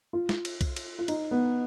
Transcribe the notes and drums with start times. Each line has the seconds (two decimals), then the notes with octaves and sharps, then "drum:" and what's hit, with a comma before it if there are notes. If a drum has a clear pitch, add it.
0.13 F4
0.29 drum: snare
0.45 drum: cymbal
0.61 drum: kick B1, cymbal
0.76 drum: cymbal
0.99 F4
1.08 D#4, drum: cymbal
1.31 B3